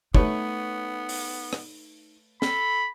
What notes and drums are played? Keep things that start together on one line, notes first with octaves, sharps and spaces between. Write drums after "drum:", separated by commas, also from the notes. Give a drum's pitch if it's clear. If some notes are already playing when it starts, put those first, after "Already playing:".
A3 B3 D#4 B4 C#5, drum: kick
drum: open hi-hat
drum: rim click
A4 B5, drum: snare